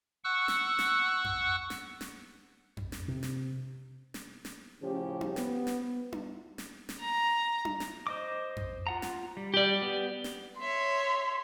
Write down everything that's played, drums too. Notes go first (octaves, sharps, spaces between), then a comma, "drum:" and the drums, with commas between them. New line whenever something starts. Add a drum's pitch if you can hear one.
F#5 C#6 E6 F#6
drum: snare
drum: snare
drum: tom F2
drum: snare
drum: snare
drum: tom F2
drum: snare
C3
drum: snare
drum: snare
drum: snare
A2 C#3 F3 C#4 G4
drum: tom D4
B3, drum: snare
drum: snare
drum: tom D4
drum: snare
drum: snare
A#5
drum: tom D4
drum: snare
C5 D#5 D6
drum: tom F2
F4 F#5 A#5
drum: snare
G3
G4 D5
B3
drum: snare
C#5 E5 C6